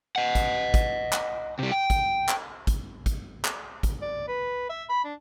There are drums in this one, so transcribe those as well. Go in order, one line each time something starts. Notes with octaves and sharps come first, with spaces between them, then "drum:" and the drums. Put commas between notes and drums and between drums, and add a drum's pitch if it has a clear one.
D#5 F#5
drum: kick, hi-hat
drum: kick, hi-hat
drum: clap
C3 G3
G5
drum: kick, hi-hat
drum: clap
drum: kick, hi-hat
drum: kick, hi-hat
drum: clap
drum: kick, hi-hat
D5
B4
E5
B5
D4